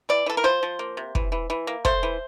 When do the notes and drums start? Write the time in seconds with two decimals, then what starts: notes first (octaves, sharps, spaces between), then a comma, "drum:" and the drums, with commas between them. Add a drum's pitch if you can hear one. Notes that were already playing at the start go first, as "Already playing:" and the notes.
0.09 E3 D5
0.26 E3 A4
0.37 A#4
0.44 F3 C5
0.63 F3
0.79 A#3
0.97 C3
1.15 E3, drum: kick
1.32 E3
1.50 E3
1.67 A#3
1.85 A3 C5, drum: kick
2.03 E3